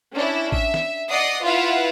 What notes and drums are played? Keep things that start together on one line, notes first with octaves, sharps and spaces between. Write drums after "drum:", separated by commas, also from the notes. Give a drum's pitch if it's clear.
C#4 D4 E4
E5, drum: kick A1
drum: snare
D5 D#5 F#5 D#6 A#6 C7
E4 F4 B4 F5 F#5